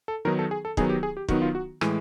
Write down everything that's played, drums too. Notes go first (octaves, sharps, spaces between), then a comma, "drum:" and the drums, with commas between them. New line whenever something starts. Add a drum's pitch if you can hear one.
A4
D#3 F#3 B3 D#4 A#4
A4
G#4
A4
D#3 F#3 B3 D#4 G#4, drum: kick
G4
G#4
G4
D#3 F#3 B3 D#4 F#4, drum: kick
F4
F#4
A2 E3 G#3, drum: rim click